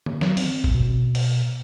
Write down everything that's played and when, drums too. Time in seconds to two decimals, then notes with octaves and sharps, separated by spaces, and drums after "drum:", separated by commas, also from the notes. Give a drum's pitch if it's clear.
0.06 drum: tom D3
0.21 F#3, drum: snare
0.37 C4, drum: open hi-hat
0.64 drum: kick G1
0.74 B2
1.15 drum: open hi-hat